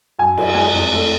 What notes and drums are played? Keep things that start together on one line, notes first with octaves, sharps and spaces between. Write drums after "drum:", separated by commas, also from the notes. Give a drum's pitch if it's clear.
F#2 G#5
F#2, drum: cymbal
G#3 G#5
F2
A3